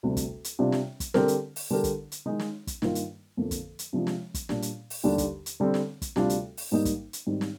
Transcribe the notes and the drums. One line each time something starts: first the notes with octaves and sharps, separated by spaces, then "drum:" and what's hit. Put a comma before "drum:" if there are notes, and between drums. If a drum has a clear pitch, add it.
D2 C3 G3
drum: kick, hi-hat
drum: hi-hat
C3 G3 D4 F4
drum: snare
drum: kick, hi-hat
D3 G3 C4 G4 A#4, drum: snare
drum: hi-hat
drum: open hi-hat
D3 G3 D4 G4 A#4
drum: kick, hi-hat
drum: hi-hat
D#3 G#3 D#4
drum: snare
drum: kick, hi-hat
G2 D#3 A#3 F4 A#4, drum: snare
drum: hi-hat
F2 D3 F3 A#3
drum: kick, hi-hat
drum: hi-hat
C3 F3 G#3 D4 F4
drum: snare
drum: kick, hi-hat
A#2 G3 D4, drum: snare
drum: hi-hat
drum: open hi-hat
D#2 D3 G3 D4
drum: kick, hi-hat
drum: hi-hat
D3 G3 C4
drum: snare
drum: kick, hi-hat
D2 C3 G3 D4 F4, drum: snare
drum: hi-hat
drum: open hi-hat
G#2 G3 A#3 D#4
drum: kick, hi-hat
drum: hi-hat
G#2 D#3 G3 C4
drum: snare